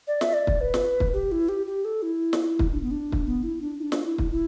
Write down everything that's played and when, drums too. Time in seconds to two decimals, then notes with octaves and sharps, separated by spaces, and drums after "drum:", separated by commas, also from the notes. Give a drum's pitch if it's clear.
0.07 D5
0.21 E5, drum: snare
0.34 D5
0.47 drum: kick
0.61 B4
0.74 drum: snare
1.00 drum: kick
1.13 G4
1.32 E4
1.49 G4
1.66 G4
1.85 A4
2.02 E4
2.33 drum: snare
2.59 drum: kick
2.72 D4
2.82 B3
2.91 D4
3.12 drum: kick
3.26 B3
3.43 E4
3.61 D4
3.79 E4
3.83 D4
3.92 drum: snare
4.04 E4
4.18 drum: kick
4.31 E4